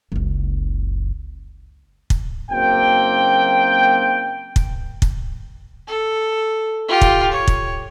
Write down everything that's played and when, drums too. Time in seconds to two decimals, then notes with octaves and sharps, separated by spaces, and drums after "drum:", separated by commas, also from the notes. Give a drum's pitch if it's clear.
0.12 F#1 C#2
2.10 drum: kick
2.51 F#1 F#2 A#3 C4 G5
4.56 drum: kick
5.02 drum: kick
5.87 A4
6.89 F4 G4
7.01 drum: kick
7.32 C#5
7.48 drum: kick